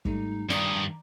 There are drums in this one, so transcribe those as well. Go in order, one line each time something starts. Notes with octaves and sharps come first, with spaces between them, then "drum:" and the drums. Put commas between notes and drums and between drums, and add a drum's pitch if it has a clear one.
G#2 G3 A3 D#4, drum: kick
G2 D#3 D5 A#5 D#6, drum: snare